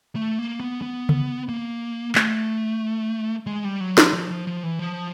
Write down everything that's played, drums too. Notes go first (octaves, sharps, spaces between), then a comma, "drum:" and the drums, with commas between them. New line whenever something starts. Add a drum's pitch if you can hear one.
A3
A#3
B3
B3
drum: tom C#3
A#3
A3, drum: clap
G#3
G3
F#3
F3, drum: snare
F3
F3
F3
E3
F3